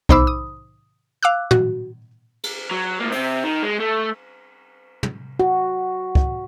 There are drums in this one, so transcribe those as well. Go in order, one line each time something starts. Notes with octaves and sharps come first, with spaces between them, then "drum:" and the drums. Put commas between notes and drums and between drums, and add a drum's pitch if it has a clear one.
B1 D#4 C5 B5 D6 E6, drum: kick
D#6
F5 D6 E6 F#6
F#4, drum: tom
drum: cymbal
F#3
A2 A#3
C3 C4, drum: open hi-hat
D#3
G#3
A3
drum: tom
F#4
drum: kick